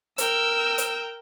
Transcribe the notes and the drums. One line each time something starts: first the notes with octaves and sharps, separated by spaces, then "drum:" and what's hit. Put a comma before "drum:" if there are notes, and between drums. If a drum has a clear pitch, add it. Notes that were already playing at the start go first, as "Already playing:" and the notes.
A#4 G5 E6, drum: hi-hat
drum: hi-hat